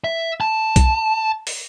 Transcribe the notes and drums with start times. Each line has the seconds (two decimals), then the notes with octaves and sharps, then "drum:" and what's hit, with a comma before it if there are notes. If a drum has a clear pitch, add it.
0.04 E5
0.41 A5
0.76 drum: kick B1, hi-hat
1.47 drum: open hi-hat